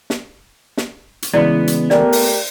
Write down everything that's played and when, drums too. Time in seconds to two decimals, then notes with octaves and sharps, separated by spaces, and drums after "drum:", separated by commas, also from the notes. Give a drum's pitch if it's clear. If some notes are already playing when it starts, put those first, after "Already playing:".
0.10 drum: snare
0.77 drum: snare
1.22 drum: hi-hat
1.34 C#3 E3 G#3 B3 E4 F#4 D5
1.67 drum: hi-hat
1.90 A3 D4 G4 A#4 C5 D5, drum: snare
2.13 drum: open hi-hat